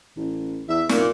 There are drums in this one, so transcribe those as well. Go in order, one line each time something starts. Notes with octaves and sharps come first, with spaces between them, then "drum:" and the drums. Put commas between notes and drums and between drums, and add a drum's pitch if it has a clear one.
A1
E2 E5
F1 A#2, drum: snare